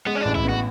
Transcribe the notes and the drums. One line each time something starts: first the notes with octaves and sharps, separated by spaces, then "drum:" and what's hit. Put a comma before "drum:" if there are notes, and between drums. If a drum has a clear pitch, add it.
G#3 B3
C#4
A1 D4
E4, drum: kick
B3 F#4